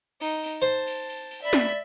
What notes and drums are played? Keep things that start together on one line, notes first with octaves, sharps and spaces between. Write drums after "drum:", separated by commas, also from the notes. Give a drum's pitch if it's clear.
D#4, drum: cymbal
drum: cymbal
C5 A5
drum: cymbal
drum: cymbal
drum: cymbal
D5 E5 B5
drum: snare